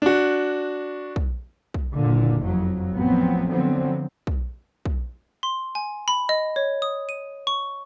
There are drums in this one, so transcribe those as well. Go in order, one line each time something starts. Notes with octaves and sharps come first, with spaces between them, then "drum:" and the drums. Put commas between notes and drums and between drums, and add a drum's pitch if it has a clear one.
D4 F#4
drum: kick
drum: kick
F#1 A#2 D3
F2 F#3
A1 F3 F#3 B3 C4
D3 F3 F#3 B3 C4
drum: kick
drum: kick
C6
G#5
B5
D#5
C#5
D#6
D#7
C#6